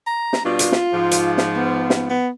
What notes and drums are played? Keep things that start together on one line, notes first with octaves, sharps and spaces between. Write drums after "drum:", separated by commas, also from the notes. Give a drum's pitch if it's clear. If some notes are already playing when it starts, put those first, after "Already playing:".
A#5
drum: snare
B2 G3 D4 F4
drum: hi-hat
drum: snare
G#2 F3
drum: hi-hat
drum: snare
B3
drum: snare
B3